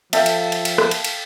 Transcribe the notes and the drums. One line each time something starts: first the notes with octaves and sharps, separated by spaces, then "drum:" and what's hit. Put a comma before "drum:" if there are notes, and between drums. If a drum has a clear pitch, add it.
F3 A4 E5 F5 G5, drum: cymbal
drum: cymbal
drum: cymbal
drum: cymbal
drum: rim click
drum: cymbal
drum: cymbal